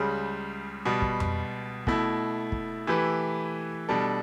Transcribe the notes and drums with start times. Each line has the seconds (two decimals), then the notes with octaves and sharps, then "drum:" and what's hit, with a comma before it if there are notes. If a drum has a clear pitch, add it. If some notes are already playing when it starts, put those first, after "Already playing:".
Already playing: C#2 C#3 G3
0.85 B2 G3 B3
1.02 drum: kick
1.20 drum: tom F2
1.87 B2 A3 E4, drum: kick
2.52 drum: kick
2.87 E3 A3 E4 G4 B4
3.89 B2 G3 D4 A4